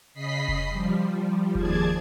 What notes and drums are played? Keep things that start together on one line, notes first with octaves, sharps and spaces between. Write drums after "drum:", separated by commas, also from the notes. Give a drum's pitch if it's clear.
C#3 D#5 B5 B6 C7
drum: kick F1
F3 G3
D#2 F3 G#4 D5 A5 G#6, drum: kick F1